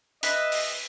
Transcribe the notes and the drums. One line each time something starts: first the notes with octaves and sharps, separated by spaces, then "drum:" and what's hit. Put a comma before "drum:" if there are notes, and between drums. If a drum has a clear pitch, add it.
B4 D#5 E5, drum: hi-hat
drum: open hi-hat